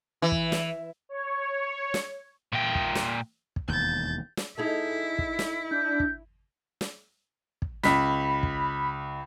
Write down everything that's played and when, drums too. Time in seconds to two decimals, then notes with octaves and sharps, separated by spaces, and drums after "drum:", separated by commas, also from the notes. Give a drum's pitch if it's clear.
0.22 E3
0.32 drum: kick
0.52 drum: snare
1.09 C#5
1.94 drum: snare
2.53 A#2 G5
2.75 drum: kick
2.95 drum: snare
3.56 drum: kick
3.68 E1 D#2 G6 A6
4.37 drum: snare
4.58 D#4 E4 G#4 A4
5.18 drum: kick
5.39 drum: snare
5.71 D4 G6
6.00 drum: kick
6.81 drum: snare
7.62 drum: kick
7.83 C#2 B5 B6, drum: snare
8.43 drum: kick